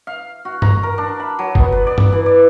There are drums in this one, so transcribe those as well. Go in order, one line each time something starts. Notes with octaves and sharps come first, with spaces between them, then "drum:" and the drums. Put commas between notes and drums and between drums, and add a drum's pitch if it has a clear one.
F5
F#4
A#5, drum: tom G2
A#4
D4
B5
F#3
B3, drum: kick
B4
D5
drum: tom G2
E3
D5